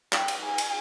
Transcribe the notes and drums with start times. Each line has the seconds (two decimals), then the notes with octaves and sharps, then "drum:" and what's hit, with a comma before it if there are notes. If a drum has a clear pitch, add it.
0.13 G5, drum: clap
0.28 drum: cymbal
0.43 G#5
0.58 drum: cymbal